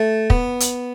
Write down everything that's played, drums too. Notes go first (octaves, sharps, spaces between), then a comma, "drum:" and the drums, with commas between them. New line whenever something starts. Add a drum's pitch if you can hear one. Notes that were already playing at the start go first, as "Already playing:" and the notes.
Already playing: A3
B3, drum: kick
drum: hi-hat